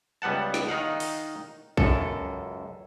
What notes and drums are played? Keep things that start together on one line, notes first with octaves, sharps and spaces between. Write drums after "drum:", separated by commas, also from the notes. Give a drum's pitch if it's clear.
C#2 G3 B3 F#5 A5
drum: snare
D#3 D#4 F5 F#5
drum: open hi-hat
C#2 F#2 A4, drum: kick